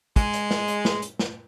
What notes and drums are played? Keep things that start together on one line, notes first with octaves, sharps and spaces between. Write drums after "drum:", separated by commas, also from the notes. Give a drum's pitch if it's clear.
G#3, drum: kick, hi-hat
drum: hi-hat
drum: snare
drum: hi-hat
drum: snare
drum: hi-hat
drum: snare